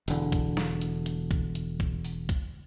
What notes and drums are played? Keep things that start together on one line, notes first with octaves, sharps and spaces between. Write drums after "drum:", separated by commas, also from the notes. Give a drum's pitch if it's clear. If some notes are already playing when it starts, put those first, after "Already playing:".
E1 D3, drum: open hi-hat
drum: kick, hi-hat
drum: snare
drum: hi-hat
drum: hi-hat
drum: kick, hi-hat
drum: hi-hat
drum: kick, hi-hat
drum: open hi-hat
drum: kick, hi-hat